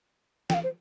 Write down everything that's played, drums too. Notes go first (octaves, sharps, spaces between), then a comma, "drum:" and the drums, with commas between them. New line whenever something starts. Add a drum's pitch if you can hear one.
G5, drum: snare
F5
C5